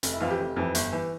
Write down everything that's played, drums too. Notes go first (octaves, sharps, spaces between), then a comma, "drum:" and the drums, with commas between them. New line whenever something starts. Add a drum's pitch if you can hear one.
F1, drum: hi-hat
E4
F2 E3 F4
G4
F1
F2 E3
G1, drum: hi-hat
E3